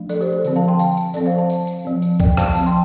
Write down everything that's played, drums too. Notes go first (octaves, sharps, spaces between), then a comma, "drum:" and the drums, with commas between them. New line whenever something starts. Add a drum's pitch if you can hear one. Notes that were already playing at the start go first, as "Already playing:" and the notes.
Already playing: F3 A3 D4
A4 D5, drum: tambourine
G4 C5
A4 D5
D3 F3 C4, drum: tambourine
F5 A5
G5 C6
F5 A5, drum: tambourine
drum: tambourine
F3 C4 A4 D5, drum: tambourine
C5 F5
F5 A5
drum: tambourine
drum: tambourine
F3 C4
drum: tambourine
D5 G5, drum: kick C2, tambourine
F5 A5, drum: rim click
F3 C4 F5 A5, drum: tambourine
G5 C6